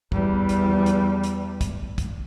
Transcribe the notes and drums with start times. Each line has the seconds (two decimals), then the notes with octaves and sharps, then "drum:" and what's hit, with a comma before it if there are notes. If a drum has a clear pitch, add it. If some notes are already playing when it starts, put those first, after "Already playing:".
0.12 E2 G3, drum: kick
0.49 drum: hi-hat
0.86 drum: hi-hat
1.24 drum: hi-hat
1.61 drum: kick, hi-hat
1.98 drum: kick, hi-hat